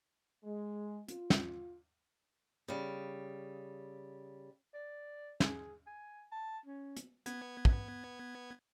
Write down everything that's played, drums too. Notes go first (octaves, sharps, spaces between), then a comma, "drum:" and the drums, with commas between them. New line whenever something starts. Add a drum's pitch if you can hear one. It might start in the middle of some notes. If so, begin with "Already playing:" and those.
G#3
F4, drum: hi-hat
drum: snare
C#3 G3
D5
G#4, drum: snare
G#5
A5
C#4
drum: hi-hat
B3 G#6, drum: hi-hat
drum: kick